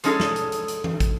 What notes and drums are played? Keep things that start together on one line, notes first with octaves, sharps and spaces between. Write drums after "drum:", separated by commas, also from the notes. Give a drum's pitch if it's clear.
F3 G#3 C#4 D#4 G#4 A4, drum: hi-hat
drum: snare
drum: hi-hat
drum: hi-hat
drum: hi-hat
drum: tom E3
drum: kick, hi-hat